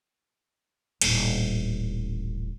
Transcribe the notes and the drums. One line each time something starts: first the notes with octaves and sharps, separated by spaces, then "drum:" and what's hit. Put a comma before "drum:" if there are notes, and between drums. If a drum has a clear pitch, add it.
D#1 A1, drum: cymbal